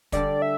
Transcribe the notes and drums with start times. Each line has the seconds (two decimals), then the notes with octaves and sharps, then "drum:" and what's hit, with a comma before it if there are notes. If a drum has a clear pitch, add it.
0.12 D3 G3 D4 D5, drum: kick, hi-hat
0.42 E5